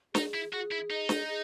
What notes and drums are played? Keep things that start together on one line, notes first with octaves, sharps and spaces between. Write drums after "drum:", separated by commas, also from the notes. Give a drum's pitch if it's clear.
D#4 G#4, drum: snare
E4
F#4 G#4
E4
D#4 D#5
drum: snare
G#4